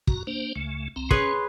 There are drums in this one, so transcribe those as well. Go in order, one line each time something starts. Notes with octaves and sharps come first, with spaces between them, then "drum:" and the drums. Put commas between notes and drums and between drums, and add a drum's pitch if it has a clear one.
F#2 F#4 A#5, drum: kick
A#3 D4 C5
C#2 C#3 A3
C2 C4 A#5
C#4 G#4 B4 C#5 C6, drum: kick